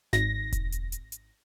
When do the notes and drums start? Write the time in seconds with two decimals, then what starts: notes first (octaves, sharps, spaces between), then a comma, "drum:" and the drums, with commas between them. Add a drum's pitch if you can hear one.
0.13 G#1 A#6, drum: snare
0.52 drum: kick E1, hi-hat
0.72 drum: hi-hat
0.92 drum: hi-hat
1.12 drum: hi-hat